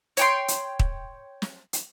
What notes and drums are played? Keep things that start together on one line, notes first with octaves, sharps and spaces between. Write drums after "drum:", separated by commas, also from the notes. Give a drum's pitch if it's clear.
C#5 G5 C6, drum: hi-hat
drum: hi-hat
drum: kick
drum: snare
drum: hi-hat